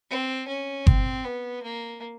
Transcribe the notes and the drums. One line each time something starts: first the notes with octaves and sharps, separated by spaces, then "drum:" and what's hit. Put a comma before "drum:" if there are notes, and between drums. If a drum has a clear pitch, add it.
C4
C#4
C4, drum: kick G1
B3
A#3